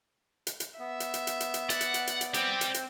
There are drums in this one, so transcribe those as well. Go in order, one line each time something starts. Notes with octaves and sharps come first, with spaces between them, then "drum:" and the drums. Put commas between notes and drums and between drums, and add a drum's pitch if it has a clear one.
drum: hi-hat
drum: hi-hat
B3 E5
drum: hi-hat
drum: hi-hat
drum: hi-hat
drum: hi-hat
drum: hi-hat
D5 F#5, drum: hi-hat
drum: hi-hat
drum: hi-hat
drum: hi-hat
drum: hi-hat
C4 G4 D5, drum: hi-hat
drum: hi-hat
drum: hi-hat